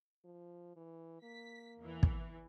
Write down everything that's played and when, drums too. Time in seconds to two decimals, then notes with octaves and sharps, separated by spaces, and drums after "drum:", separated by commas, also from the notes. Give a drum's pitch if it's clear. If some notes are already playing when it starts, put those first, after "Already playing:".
0.25 F3
0.76 E3
1.23 A#3 B6
1.79 E2 E3
2.03 drum: kick